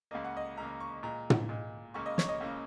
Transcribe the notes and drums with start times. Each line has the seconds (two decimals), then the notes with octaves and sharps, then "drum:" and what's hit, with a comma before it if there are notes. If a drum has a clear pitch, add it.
0.11 C#2 C#3 A#3 D#5
0.24 F#5
0.37 D#5
0.57 C#2 C#3 A#3 A#5
0.80 C#6
1.03 A#2 G#3 A#5
1.30 drum: tom
1.49 A#2 G#3
1.94 C#2 C#3 A#3 C#6
2.06 D#5
2.18 C#5, drum: snare
2.29 D#5
2.40 C#2 C#3 A#3